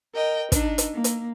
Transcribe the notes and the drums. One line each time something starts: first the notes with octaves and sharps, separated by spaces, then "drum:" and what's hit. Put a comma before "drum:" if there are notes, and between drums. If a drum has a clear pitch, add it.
A#4 D#5 G5
D4 D#4, drum: kick, hi-hat
drum: hi-hat
A#3
drum: hi-hat